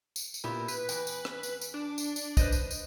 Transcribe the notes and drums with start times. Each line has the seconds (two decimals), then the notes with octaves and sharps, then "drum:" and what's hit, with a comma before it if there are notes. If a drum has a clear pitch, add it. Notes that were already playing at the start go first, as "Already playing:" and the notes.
0.16 drum: tambourine
0.34 drum: tambourine
0.44 A#2 B3 E4 G4
0.68 B4, drum: tambourine
0.89 E2 G5, drum: tambourine
1.07 drum: tambourine
1.25 drum: rim click
1.43 drum: tambourine
1.61 drum: tambourine
1.74 D4
1.98 drum: tambourine
2.16 drum: tambourine
2.37 B4 C5 D#5, drum: kick, tambourine
2.52 drum: tambourine
2.71 drum: tambourine